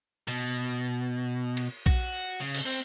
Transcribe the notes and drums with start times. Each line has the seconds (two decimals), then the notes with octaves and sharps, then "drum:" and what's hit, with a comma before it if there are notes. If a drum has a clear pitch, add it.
0.28 B2, drum: hi-hat
1.57 drum: cymbal
1.86 F#4, drum: kick A#1
2.40 C#3
2.55 drum: cymbal
2.65 C4